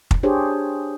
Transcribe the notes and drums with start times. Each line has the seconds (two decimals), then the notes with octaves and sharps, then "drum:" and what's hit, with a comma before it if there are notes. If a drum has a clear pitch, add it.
0.11 drum: kick
0.23 D4 G4 G#4 C5 C#5